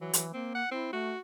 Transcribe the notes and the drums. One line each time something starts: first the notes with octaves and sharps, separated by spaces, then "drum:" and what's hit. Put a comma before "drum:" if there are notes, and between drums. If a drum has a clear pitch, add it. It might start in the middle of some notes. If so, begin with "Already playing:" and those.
E3 F#3
E3, drum: hi-hat
A#3 C4
F#5
C4 E4
A3 F#4